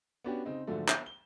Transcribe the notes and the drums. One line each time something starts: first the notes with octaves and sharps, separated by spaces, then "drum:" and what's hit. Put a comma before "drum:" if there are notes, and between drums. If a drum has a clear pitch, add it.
B3 C#4 D4 F#4 G4
C#3 C4 D#4
G#2 D3 F3 F#3 A3
E7, drum: clap
G7